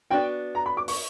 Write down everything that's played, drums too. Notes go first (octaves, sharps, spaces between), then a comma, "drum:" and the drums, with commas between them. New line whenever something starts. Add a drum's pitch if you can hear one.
B3 D4 F#4 G5
A#5
B5
D6
C#6, drum: open hi-hat